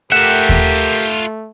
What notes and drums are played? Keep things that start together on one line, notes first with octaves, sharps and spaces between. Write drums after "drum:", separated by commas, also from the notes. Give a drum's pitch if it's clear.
A3 F4 G4 A#4 E5 F#5
drum: kick D#2